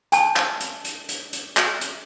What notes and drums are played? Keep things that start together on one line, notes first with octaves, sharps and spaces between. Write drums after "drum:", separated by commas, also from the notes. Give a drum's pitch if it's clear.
G#5 A5, drum: hi-hat
drum: clap
drum: hi-hat
drum: hi-hat
drum: hi-hat
drum: hi-hat
drum: clap
drum: hi-hat